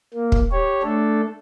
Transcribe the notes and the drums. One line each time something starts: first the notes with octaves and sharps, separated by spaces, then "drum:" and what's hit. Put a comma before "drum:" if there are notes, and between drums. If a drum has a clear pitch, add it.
A#3
drum: kick
G4 C#5
A3 D4 A4